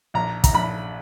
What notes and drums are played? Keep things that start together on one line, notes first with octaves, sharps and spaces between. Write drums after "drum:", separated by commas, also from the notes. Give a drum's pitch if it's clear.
A#1 A#5
A#5, drum: kick, hi-hat
A#1 B5